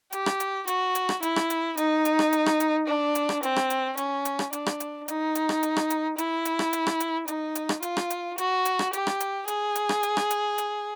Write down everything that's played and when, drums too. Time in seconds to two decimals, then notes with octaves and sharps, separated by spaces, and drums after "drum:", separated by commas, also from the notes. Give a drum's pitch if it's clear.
0.12 G4, drum: hi-hat
0.26 drum: rim click
0.40 drum: hi-hat
0.67 F#4, drum: hi-hat
0.95 drum: hi-hat
1.09 drum: rim click
1.23 E4, drum: hi-hat
1.36 drum: rim click
1.50 drum: hi-hat
1.77 D#4, drum: hi-hat
2.05 drum: hi-hat
2.19 drum: rim click
2.33 drum: hi-hat
2.46 drum: rim click
2.60 drum: hi-hat
2.88 D4
3.15 drum: hi-hat
3.29 drum: rim click
3.43 C4, drum: hi-hat
3.56 drum: rim click
3.70 drum: hi-hat
3.97 C#4, drum: hi-hat
4.25 drum: hi-hat
4.39 drum: rim click
4.53 D4, drum: hi-hat
4.66 drum: rim click
4.80 drum: hi-hat
5.08 D#4, drum: hi-hat
5.35 drum: hi-hat
5.49 drum: rim click
5.63 drum: hi-hat
5.76 drum: rim click
5.90 drum: hi-hat
6.18 E4, drum: hi-hat
6.45 drum: hi-hat
6.59 drum: rim click
6.73 drum: hi-hat
6.87 drum: rim click
7.00 drum: hi-hat
7.28 D#4, drum: hi-hat
7.55 drum: hi-hat
7.69 drum: rim click
7.83 F4, drum: hi-hat
7.97 drum: rim click
8.10 drum: hi-hat
8.38 F#4, drum: hi-hat
8.65 drum: hi-hat
8.79 drum: rim click
8.93 G4, drum: hi-hat
9.07 drum: rim click
9.20 drum: hi-hat
9.48 G#4, drum: hi-hat
9.75 drum: hi-hat
9.89 drum: rim click
10.03 drum: hi-hat
10.17 drum: rim click
10.30 drum: hi-hat
10.58 drum: hi-hat